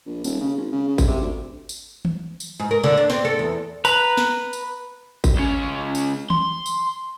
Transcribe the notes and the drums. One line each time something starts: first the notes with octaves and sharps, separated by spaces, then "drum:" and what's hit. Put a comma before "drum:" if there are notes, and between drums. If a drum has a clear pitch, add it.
A#1
D#1, drum: tambourine
C#3
G#1
C#3
C#3
drum: kick G#1, tambourine
C3
D2
drum: tambourine
drum: tom D#3
drum: tambourine
G#2
A#4
D3
D4
C4, drum: snare
A4
E2
B4 A#5 B5, drum: tambourine
drum: snare
drum: tambourine
drum: kick G#1, tambourine
C#2 C#4
drum: tambourine
C6, drum: tom D#3
drum: tambourine